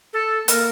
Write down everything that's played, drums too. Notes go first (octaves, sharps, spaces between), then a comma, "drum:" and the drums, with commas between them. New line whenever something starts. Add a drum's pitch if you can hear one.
A4
A#3 A#4, drum: hi-hat